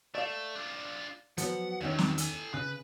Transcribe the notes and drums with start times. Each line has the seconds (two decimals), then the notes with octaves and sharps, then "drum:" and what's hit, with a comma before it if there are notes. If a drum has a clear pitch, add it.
0.15 A3 D5 F5
0.56 D4 F4
1.38 F3 F#3 B3 F#5, drum: hi-hat
1.81 E2 G2 D#3 F#3 C#4
1.98 drum: snare
2.18 A4 G#5, drum: hi-hat
2.54 C#3 B4